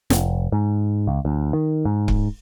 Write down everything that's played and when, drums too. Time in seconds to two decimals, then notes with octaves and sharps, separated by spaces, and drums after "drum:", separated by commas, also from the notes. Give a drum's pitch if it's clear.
0.10 F1, drum: snare
0.52 G#2
1.07 C#2
1.25 D2
1.53 D#3
1.85 G#2
2.08 drum: kick C#1